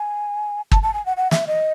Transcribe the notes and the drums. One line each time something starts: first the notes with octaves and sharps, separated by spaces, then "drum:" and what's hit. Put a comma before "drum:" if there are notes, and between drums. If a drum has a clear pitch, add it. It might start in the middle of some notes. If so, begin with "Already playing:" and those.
Already playing: G#5
A5, drum: kick
A5
G#5
F#5
F#5
E5, drum: snare
D#5